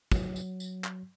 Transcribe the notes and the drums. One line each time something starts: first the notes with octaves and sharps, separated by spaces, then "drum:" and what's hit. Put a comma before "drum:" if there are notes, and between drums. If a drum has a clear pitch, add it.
F#3, drum: kick, tambourine
drum: tambourine
drum: tambourine
drum: clap